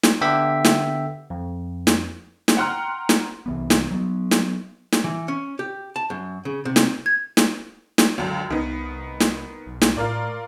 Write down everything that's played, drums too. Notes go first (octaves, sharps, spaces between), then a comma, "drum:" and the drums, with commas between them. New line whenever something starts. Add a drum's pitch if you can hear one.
drum: snare
D3 B3 G4 E5 G5 B6
drum: snare
F2
drum: snare
drum: snare
F#5 G5 A#5 C6 F6 F#6
drum: snare
C2 E3 B3
drum: snare
F#3 B3
drum: snare
drum: snare
E3
C#4
G4
A5
F#2
C#3
C3
drum: snare
G#6
drum: snare
drum: snare
C#2 F#2 D3
C2 D#3 B3
drum: snare
B1
drum: snare
A2 F4 A#4 D5